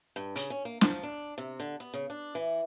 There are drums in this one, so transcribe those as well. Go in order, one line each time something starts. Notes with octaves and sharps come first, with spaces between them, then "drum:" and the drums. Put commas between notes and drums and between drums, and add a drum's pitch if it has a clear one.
G2
C#3, drum: hi-hat
C#4
A#3
F3, drum: snare
D4
C3
D3
B3
C#3
D4
E3